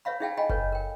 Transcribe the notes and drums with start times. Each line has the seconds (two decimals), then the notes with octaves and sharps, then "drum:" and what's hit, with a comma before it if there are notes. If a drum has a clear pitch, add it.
0.05 B4 C#5 E5 F5 B5
0.20 D#4 G#4 E5 F5 G5 A5
0.37 D#5 F5 G5 G#5 B5
0.49 A4 B4 C#5, drum: kick F#1
0.72 A#4 G5